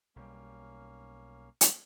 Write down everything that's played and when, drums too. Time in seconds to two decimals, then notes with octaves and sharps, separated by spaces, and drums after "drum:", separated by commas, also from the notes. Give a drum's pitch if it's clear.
0.16 B1 G3 A#3 C#4
1.61 drum: hi-hat